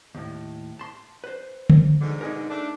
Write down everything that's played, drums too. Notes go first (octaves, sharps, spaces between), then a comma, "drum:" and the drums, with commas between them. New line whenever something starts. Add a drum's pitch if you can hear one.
D#2 A2
A5 C6
B4 C5
drum: tom D3
G#2 B2 D3
D#4 G#4 A#4
A3 D4